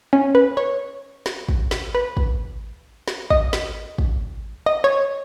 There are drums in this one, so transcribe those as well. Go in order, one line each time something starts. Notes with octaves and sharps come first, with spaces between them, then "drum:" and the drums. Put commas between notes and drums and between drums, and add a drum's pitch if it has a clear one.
C#4
B4
C#5
drum: snare
drum: kick
drum: snare
B4
drum: kick
drum: snare
D#5, drum: kick
drum: snare
drum: kick
D#5
C#5